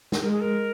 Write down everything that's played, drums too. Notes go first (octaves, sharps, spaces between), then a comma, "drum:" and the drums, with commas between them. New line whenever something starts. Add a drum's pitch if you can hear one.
drum: snare
G#3 A#4
G#4
A#4